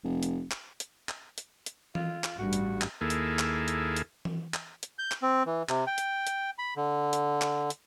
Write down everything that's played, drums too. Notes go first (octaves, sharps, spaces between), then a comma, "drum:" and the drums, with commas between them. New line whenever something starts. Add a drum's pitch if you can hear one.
F1
drum: hi-hat
drum: clap
drum: hi-hat
drum: clap
drum: hi-hat
drum: hi-hat
F4, drum: tom E3
drum: clap
A1 G2 F#4
drum: hi-hat
drum: clap
D#2 A#3 E4 G#4 A4
drum: hi-hat
drum: clap
drum: hi-hat
drum: hi-hat
drum: tom E3
drum: clap
drum: hi-hat
G6
drum: clap
C4
E3
C3, drum: clap
G5
drum: hi-hat
drum: hi-hat
B5
D3
drum: hi-hat
drum: clap
drum: hi-hat